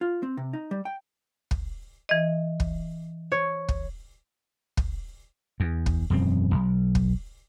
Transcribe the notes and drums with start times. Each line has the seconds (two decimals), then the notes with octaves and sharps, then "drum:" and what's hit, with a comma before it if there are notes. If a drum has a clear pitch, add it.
0.01 F4
0.23 C4
0.37 C3
0.53 D#4
0.71 G3
0.85 G5
1.51 drum: kick
2.09 E3 D#5
2.60 drum: kick
3.32 C#5
3.69 drum: kick
4.77 drum: kick
5.60 E2
5.86 drum: kick
6.10 E1 F#2 C4
6.54 B1
6.95 drum: kick